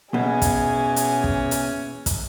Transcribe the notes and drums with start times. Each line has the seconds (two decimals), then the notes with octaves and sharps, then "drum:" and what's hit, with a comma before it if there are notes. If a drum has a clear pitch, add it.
0.14 B2 E3 C#4 G#4
0.42 drum: kick, hi-hat
0.96 drum: hi-hat
1.24 drum: kick
1.51 drum: hi-hat
2.06 drum: kick, hi-hat